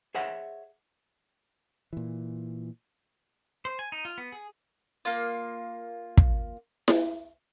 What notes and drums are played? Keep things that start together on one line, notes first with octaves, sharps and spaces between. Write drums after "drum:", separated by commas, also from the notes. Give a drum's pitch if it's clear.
G#4 C5 C#5 E5 F#5
A#2 E3
C5
G#5
D#4
F4
B3
G#4
A#3 F4
drum: kick
drum: snare E4